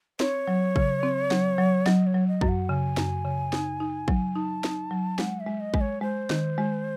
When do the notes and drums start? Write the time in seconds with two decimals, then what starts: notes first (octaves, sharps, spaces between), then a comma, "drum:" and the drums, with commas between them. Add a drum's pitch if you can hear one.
0.20 C4 C#5, drum: snare
0.48 F#3
0.76 C#3, drum: kick
1.03 C4
1.31 F#3, drum: snare
1.58 F#3
1.86 F#3 D#5, drum: snare
2.06 C#5
2.14 F#3
2.28 D#5
2.41 F#2, drum: kick
2.49 F#5
2.69 C#3 G#5
2.97 F#2, drum: snare
3.25 C#3
3.53 D#4, drum: snare
3.80 D#4
4.08 F#3, drum: kick
4.35 D#4 A5
4.64 D#4, drum: snare
4.91 F#3
5.19 G#3 F#5, drum: snare
5.40 E5
5.46 G#3
5.60 D#5
5.74 G#3, drum: kick
5.81 C#5
6.01 G#3 C5
6.30 D#3, drum: snare
6.58 G#3